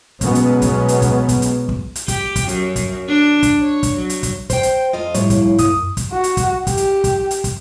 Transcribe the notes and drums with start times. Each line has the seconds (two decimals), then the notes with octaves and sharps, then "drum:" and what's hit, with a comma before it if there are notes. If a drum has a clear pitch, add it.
0.21 B2 F#3 G#3 B3 C#4, drum: kick, hi-hat
0.35 drum: hi-hat
0.62 drum: kick, hi-hat
0.88 drum: hi-hat
1.02 drum: kick, hi-hat
1.29 drum: kick, hi-hat
1.42 drum: hi-hat
1.69 drum: kick
1.95 drum: hi-hat
2.08 G4, drum: kick, hi-hat
2.36 drum: kick, hi-hat
2.48 F#2, drum: hi-hat
2.76 drum: kick, hi-hat
3.08 D4
3.43 drum: kick, hi-hat
3.61 C#5
3.83 drum: kick, hi-hat
3.98 F#3
4.10 drum: hi-hat
4.23 drum: kick, hi-hat
4.50 C5 G5, drum: kick, hi-hat
4.63 drum: hi-hat
4.93 F2 F4 D#5
5.14 A2 F3 G3 A#3 C#5, drum: hi-hat
5.30 drum: kick, hi-hat
5.58 F#2 D#6, drum: kick, hi-hat
5.97 drum: kick, hi-hat
6.12 F#4
6.24 drum: hi-hat
6.37 drum: kick, hi-hat
6.67 G4, drum: kick, hi-hat
6.77 drum: hi-hat
7.04 drum: kick, hi-hat
7.31 drum: hi-hat
7.44 drum: kick, hi-hat